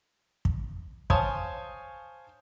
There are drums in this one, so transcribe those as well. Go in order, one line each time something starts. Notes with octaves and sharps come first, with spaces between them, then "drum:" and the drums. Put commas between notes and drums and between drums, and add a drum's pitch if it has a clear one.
drum: kick
C5 C#5 F5 G#5 A5 D#6, drum: kick